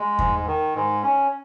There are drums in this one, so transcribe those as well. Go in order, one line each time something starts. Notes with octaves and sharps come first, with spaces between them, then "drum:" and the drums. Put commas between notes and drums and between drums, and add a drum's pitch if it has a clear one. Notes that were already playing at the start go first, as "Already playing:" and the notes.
Already playing: G#3
G#2, drum: kick E2
D#3
G#2
C#4